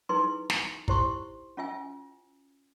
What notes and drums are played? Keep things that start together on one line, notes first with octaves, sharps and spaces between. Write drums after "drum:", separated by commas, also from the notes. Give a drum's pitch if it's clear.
D#4 E4 G#4 B4 C6
drum: snare
E4 G4 C5 C6 C#6, drum: kick
C#4 F4 E5 G#5